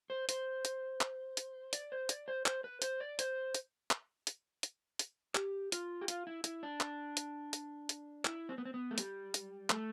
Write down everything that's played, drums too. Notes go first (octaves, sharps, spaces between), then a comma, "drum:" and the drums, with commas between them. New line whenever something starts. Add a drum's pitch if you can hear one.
C5
C5, drum: hi-hat
drum: hi-hat
drum: clap
drum: hi-hat
D5, drum: hi-hat
C5
D5, drum: hi-hat
C5
C5, drum: clap
B4
C5, drum: hi-hat
D5
C5, drum: hi-hat
drum: hi-hat
drum: clap
drum: hi-hat
drum: hi-hat
drum: hi-hat
G4, drum: clap
F4, drum: hi-hat
G4
F4, drum: hi-hat
E4
E4, drum: hi-hat
D4
drum: clap
drum: hi-hat
drum: hi-hat
drum: hi-hat
E4, drum: clap
C4
B3
C4
B3
A3
G3, drum: hi-hat
drum: hi-hat
A3, drum: clap